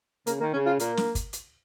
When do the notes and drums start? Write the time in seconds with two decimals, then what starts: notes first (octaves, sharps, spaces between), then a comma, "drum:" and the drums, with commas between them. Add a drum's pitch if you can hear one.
0.27 C#3 A#3, drum: hi-hat
0.40 D#3 A#3
0.53 C#3 C#4
0.66 F4
0.79 A#2 A#3, drum: hi-hat
0.97 drum: snare
1.15 drum: kick, hi-hat
1.33 drum: hi-hat